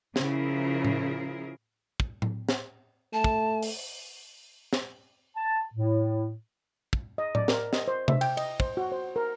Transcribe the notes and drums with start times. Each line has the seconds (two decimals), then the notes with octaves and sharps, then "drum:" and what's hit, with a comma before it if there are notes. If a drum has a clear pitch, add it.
0.16 C#3 F3 E4 F4 G#4 A#4, drum: snare
0.84 drum: tom A2
2.00 drum: kick
2.22 drum: tom A2
2.49 drum: snare
3.13 A3 A5
3.24 drum: kick
3.62 drum: open hi-hat
4.73 drum: snare
5.36 A5
5.74 A2
6.93 drum: kick
7.18 D#5
7.35 D5, drum: tom A2
7.48 A#4, drum: snare
7.73 D#5, drum: snare
7.88 C5
8.08 E5, drum: tom C3
8.21 G5, drum: cymbal
8.37 D#5, drum: cymbal
8.60 C5, drum: kick
8.77 F#4
8.92 C5
9.16 A#4